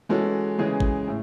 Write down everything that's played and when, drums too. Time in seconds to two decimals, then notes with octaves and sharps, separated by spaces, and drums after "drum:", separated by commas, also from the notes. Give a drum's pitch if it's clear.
0.09 E3 G#3 C#4 F#4 A4
0.58 C#3 E3 G#3 C#4 G#4
0.80 drum: kick G1
1.07 A2